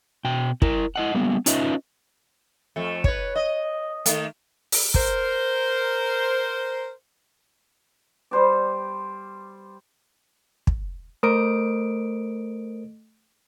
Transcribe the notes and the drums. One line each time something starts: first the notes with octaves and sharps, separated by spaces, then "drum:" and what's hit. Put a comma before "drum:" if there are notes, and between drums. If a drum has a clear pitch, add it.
B2 G5
E4 A#4, drum: kick
E4 D#5 F#5
G3 A#3 B3
C#4 D#4 F4 B4 D#5 E5, drum: hi-hat
F2 A3
B4 C#5, drum: kick
D#5
D#3 A3, drum: hi-hat
drum: open hi-hat
A#4 C5, drum: kick
G3 C5 D5
drum: kick
A3 A#4 C5 D#6 D7